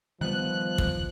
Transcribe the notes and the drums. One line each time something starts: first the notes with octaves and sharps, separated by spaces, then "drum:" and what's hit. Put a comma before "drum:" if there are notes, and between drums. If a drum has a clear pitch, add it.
D#3 F3 G3 B3 F#6
drum: kick